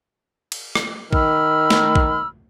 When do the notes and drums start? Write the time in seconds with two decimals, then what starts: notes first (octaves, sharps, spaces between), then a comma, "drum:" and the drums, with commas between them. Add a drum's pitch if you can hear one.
0.52 drum: cymbal
0.75 drum: rim click
1.13 D#3 B5 E6 F6, drum: kick A#1
1.70 drum: snare
1.96 drum: kick A#1